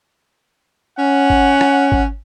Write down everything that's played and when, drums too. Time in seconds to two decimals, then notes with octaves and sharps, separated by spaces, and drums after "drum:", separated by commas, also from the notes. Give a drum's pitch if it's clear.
0.99 C#4 F#5
1.30 drum: kick G#1
1.61 drum: rim click
1.92 drum: kick G#1